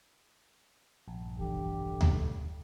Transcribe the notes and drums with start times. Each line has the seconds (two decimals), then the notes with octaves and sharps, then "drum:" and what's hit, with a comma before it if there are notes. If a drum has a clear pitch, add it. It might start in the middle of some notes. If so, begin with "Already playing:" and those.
1.08 A#1 G2
1.39 E1 D3 E3 G4 A4
2.01 drum: tom D2